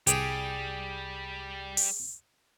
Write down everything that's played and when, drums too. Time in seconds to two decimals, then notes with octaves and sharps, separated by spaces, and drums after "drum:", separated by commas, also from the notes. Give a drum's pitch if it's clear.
0.07 C2 G3 G4 G#4, drum: hi-hat
1.77 drum: open hi-hat